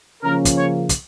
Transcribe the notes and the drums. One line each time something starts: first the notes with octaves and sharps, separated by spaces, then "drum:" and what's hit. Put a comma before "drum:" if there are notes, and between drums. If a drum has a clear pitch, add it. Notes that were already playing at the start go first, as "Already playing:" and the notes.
C#3 F3 A#3 C#4 A#4
drum: kick, hi-hat
C#5
drum: kick, hi-hat